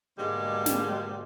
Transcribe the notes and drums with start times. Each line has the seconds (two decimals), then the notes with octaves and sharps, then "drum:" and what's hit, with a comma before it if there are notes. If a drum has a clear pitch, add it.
0.19 G#2 B2 D3 G3 G#3 A#3
0.66 drum: snare